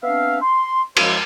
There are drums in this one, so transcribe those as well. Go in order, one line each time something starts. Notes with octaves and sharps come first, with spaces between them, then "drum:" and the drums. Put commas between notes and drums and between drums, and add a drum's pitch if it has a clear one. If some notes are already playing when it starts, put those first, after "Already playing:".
B3 C4 D4 E5 F5
C6
F#2 F3 G#3 E4 C5 F5, drum: cymbal